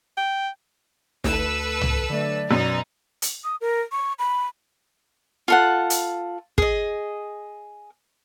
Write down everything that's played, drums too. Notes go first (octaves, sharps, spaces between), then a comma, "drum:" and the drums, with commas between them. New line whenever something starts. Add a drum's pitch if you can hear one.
G5
D2 A4 B4 E6 F#6, drum: snare
drum: tom
D3 F#3 A3 D5
F#2 B2 D#4
drum: hi-hat
D#6
A#4
C#6
B5
F4 A4 F#5
drum: hi-hat
G#4 D#5, drum: kick